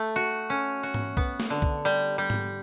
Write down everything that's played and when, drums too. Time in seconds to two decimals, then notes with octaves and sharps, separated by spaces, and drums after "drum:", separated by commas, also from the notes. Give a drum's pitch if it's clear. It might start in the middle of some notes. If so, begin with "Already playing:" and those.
Already playing: A3
0.16 F#4
0.50 C#4
0.83 F#4
0.94 drum: tom G#2
1.17 B3, drum: kick B1
1.40 drum: snare
1.50 D3
1.62 drum: kick B1
1.85 G3
2.18 G3
2.30 drum: tom G#2